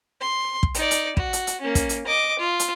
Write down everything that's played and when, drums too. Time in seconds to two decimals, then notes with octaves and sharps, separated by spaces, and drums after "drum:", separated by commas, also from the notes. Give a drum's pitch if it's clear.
0.21 C6
0.63 drum: kick
0.74 D#4 D5, drum: hi-hat
0.91 drum: hi-hat
1.17 F#4, drum: kick
1.33 drum: hi-hat
1.47 drum: hi-hat
1.61 A#3 C#4
1.75 drum: kick, hi-hat
1.89 drum: hi-hat
2.07 D#5 D6
2.39 F4
2.59 drum: hi-hat